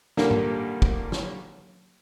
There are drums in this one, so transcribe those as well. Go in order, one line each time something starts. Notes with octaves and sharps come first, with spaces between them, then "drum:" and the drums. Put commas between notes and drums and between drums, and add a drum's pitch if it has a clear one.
A#2 D3 D#3 G3 A#3, drum: snare
drum: tom G#2
drum: kick
drum: snare